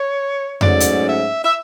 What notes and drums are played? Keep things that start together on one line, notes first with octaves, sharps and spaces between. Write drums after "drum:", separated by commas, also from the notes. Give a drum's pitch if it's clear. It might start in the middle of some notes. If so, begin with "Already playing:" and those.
Already playing: C#5
G#2 F#3 A3 C#4 D5, drum: tom F2
drum: hi-hat
E5
E5